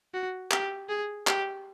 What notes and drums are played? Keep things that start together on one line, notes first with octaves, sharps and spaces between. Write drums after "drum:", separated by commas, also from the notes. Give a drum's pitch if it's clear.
F#4
G4, drum: clap
G#4
G4, drum: clap